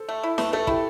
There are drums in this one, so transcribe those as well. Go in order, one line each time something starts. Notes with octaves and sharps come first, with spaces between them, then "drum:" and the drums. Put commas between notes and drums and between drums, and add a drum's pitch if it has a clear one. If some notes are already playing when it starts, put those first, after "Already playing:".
Already playing: A4 C5
A3
E4
A3 B4, drum: snare
A3 A4
E4 G4, drum: kick